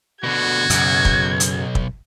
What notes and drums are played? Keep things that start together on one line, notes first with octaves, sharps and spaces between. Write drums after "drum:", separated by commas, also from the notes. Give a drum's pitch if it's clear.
B2 D3 F#4 G#6
B1 F#2 C#3, drum: hi-hat
drum: kick
drum: hi-hat
drum: kick